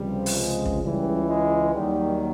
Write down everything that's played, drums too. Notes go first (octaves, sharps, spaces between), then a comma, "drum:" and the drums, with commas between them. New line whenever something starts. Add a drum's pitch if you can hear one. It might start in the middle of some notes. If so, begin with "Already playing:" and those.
Already playing: C#2 C3 F3 G3
drum: open hi-hat
G#3
drum: kick
C#2 C#3 E3 G3
G#3
D#2 D#3 F#3 G3